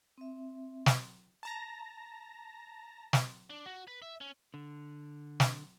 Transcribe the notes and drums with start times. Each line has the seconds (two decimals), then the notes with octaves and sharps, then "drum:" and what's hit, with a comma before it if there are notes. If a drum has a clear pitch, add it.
0.18 C4 E5
0.86 drum: snare
1.43 A5 A#5 A#6
3.13 drum: snare
3.50 D4
3.66 F#4
3.87 B4
4.02 E5
4.21 C#4
4.54 D3
5.40 drum: snare